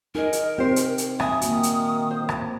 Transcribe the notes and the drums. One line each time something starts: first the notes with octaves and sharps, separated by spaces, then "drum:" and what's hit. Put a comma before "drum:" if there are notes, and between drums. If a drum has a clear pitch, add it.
D#4 G#4 A#4 D#5
drum: hi-hat
C4 G4 C5
drum: hi-hat
drum: hi-hat
E5 G#5 D#6, drum: rim click
D#3 A#3 F#4, drum: hi-hat
drum: hi-hat
C5
drum: rim click